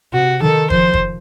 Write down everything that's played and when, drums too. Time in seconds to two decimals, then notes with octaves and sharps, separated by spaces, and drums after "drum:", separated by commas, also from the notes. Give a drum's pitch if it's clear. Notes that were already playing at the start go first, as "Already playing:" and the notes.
0.13 C3 F#4
0.41 D#3 A4
0.70 F3 C5, drum: kick
0.93 drum: kick